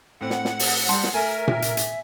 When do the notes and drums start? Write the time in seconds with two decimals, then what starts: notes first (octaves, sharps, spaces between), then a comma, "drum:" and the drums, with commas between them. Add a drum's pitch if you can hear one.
0.21 A2 C4 F#5
0.30 drum: snare
0.45 drum: snare
0.59 drum: open hi-hat
0.89 G3 A5 C6, drum: hi-hat
1.04 drum: snare
1.14 A3 A#4 E5 G#5
1.48 drum: tom A#2
1.62 drum: hi-hat
1.77 drum: hi-hat